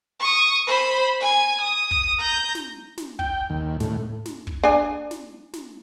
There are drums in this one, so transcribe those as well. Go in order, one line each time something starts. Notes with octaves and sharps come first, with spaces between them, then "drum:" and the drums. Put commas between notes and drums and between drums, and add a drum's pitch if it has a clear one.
C#6 D#6
C5 B5
G#5 G#6
D#6
drum: kick
A#5 G6
drum: snare
drum: snare
G5, drum: kick
D#2
A2, drum: snare
drum: snare
drum: kick
D4 G#5
drum: snare
drum: snare